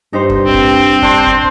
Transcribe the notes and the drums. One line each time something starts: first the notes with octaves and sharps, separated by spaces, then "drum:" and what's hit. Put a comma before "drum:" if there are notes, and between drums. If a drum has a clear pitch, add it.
G2 D#4 G4 C5
drum: kick
C4
drum: kick
D4 C5, drum: kick
drum: kick